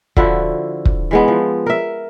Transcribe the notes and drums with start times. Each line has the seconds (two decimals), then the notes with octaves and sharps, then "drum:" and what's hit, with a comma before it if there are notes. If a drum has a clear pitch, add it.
0.17 D3 F3 E4 F#4, drum: kick
0.85 drum: kick
1.11 E3 G#3 B3
1.28 F3
1.66 A#4 E5